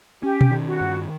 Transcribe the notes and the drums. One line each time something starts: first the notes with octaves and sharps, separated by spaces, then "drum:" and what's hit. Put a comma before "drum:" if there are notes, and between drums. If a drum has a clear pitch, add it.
C#4 G4
drum: tom B2
D#3
F#4
G2